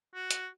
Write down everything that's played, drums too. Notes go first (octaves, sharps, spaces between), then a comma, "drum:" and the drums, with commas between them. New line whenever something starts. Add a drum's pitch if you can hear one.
F#4
drum: hi-hat